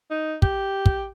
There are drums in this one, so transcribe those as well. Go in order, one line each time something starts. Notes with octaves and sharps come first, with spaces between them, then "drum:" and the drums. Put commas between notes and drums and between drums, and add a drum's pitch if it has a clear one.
D#4
G4, drum: kick
drum: kick